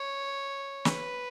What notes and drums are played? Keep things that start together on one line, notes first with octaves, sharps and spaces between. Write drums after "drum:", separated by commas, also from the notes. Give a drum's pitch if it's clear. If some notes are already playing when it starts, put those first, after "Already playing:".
Already playing: C#5
B4, drum: snare